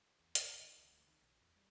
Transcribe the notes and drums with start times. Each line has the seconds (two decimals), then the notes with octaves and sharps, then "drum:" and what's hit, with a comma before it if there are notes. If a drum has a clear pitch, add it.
0.20 E2
0.35 G1, drum: hi-hat
0.61 D#3
0.78 C#2
0.92 D2
1.08 D#3
1.22 A#1
1.40 E2
1.56 G3